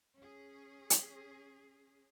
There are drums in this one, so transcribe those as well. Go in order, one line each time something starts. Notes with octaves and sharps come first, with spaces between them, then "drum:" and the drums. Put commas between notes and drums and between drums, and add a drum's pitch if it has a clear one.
C#4 G#4
drum: hi-hat